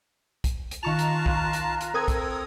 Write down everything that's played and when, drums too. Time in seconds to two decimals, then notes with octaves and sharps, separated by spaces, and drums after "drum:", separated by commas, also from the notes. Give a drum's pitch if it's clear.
0.44 drum: kick, hi-hat
0.71 drum: hi-hat
0.83 D#3 F4 A5 A#5 C#6 F#6 F7
0.99 drum: hi-hat
1.26 drum: kick
1.53 drum: hi-hat
1.81 drum: hi-hat
1.94 C4 A4 A#4 D#6 G#6
2.08 drum: kick, hi-hat